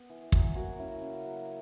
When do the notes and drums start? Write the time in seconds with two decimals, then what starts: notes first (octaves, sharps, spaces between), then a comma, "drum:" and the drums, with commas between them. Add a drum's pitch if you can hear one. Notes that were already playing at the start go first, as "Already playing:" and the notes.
Already playing: B3
0.09 E3
0.32 F#3 G#4, drum: kick
0.55 A#3 F#4
0.79 C#3 E4
1.01 C#3
1.25 F#3